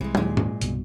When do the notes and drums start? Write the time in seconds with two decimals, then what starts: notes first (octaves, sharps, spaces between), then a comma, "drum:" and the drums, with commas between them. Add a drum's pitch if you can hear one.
0.01 C2 C3 E3 G#3
0.15 D#2 A#2 G#3, drum: tom
0.37 drum: tom G#2
0.61 C2 G2 B2, drum: hi-hat